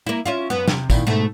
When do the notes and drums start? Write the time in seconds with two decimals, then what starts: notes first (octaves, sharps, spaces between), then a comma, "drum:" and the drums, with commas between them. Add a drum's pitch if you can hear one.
0.07 A#3 E4
0.26 C#4 E4 F4
0.50 F#2 B3
0.68 C3, drum: snare
0.90 A#2 D#3 E4, drum: kick, tambourine
1.07 G#2 B2 A3